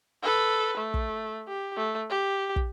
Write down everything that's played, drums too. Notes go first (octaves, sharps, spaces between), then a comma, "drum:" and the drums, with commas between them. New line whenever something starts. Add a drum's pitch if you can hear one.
A4 B4
A3
drum: kick
G4
A3
G4
drum: kick